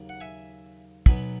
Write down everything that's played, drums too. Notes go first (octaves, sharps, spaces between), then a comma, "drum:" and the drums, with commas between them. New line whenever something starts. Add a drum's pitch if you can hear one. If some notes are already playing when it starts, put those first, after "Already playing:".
Already playing: D#2 C#3 F#3
F#5
E5 G#5
B1 B2 F#3 B3 G#5 B5, drum: kick